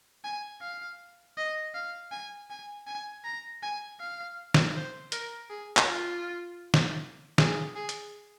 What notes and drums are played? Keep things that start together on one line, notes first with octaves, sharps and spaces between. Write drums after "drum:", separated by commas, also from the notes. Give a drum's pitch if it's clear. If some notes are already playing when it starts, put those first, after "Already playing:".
G#5
F5
D#5
F5
G#5
G#5
G#5
A#5
G#5
F5
drum: snare
C5
A#4, drum: hi-hat
G#4
drum: clap
F4
drum: snare
G#4, drum: snare
G#4
drum: hi-hat